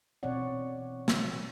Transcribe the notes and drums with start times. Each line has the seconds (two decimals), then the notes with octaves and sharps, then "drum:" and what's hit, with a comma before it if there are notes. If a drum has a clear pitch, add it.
0.23 B2 E3 C4 C#5 D5 F#5
1.08 drum: snare